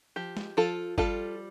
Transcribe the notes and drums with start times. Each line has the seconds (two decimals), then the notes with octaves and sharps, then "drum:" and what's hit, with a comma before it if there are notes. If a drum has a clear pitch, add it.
0.16 F3 G4
0.37 drum: snare
0.57 F3 F4 A4
0.98 G3 F4 A4, drum: kick